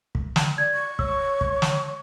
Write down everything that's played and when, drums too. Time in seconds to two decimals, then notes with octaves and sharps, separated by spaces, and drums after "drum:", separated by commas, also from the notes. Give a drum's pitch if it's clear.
0.15 drum: kick
0.36 drum: snare
0.58 D5 G#6
0.74 C#6
0.99 C#5 E6, drum: kick
1.41 drum: kick
1.62 drum: snare